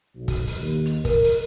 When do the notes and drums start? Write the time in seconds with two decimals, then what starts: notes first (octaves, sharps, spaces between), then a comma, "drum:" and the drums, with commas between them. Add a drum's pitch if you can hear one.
0.16 B1
0.28 drum: kick, open hi-hat
0.47 drum: open hi-hat
0.59 D#2
0.86 drum: hi-hat
1.05 A#4, drum: kick, open hi-hat
1.24 drum: open hi-hat